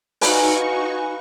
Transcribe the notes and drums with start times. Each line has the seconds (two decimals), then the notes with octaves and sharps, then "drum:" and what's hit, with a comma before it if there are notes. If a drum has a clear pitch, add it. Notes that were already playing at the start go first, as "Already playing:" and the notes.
0.21 D#4 F#4 B4 F5 G#5 A#5 C#6, drum: open hi-hat